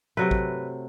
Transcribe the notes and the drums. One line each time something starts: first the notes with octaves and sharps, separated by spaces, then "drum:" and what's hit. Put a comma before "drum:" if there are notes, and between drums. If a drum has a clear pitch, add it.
C3 F#3 A3 B4
drum: kick